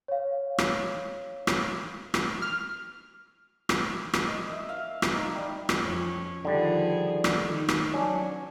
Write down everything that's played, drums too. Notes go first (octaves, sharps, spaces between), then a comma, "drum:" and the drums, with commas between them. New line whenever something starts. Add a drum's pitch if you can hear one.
C#5 F5
drum: rim click
drum: rim click
drum: rim click
F6
drum: rim click
drum: rim click
D#5
E5
F5
drum: rim click
D#4
G3
drum: rim click
F2 C#4
D3 D#3 F3 G3 G#4
drum: rim click
D#3 D#4
drum: rim click
F#3 C#4 D4